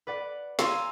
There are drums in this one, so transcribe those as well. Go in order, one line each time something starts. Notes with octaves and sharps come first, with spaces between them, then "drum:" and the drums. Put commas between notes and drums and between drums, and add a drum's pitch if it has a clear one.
B4 D5 F#5
F5 G#5 A#5 C6 D#6 E6, drum: snare